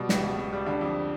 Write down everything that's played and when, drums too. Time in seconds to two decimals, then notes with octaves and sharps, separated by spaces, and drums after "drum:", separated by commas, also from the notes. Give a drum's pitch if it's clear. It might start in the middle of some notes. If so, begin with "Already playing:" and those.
Already playing: B2 G3
0.09 C#2, drum: snare
0.23 B2
0.38 C#2
0.53 G3
0.66 D3
0.81 F2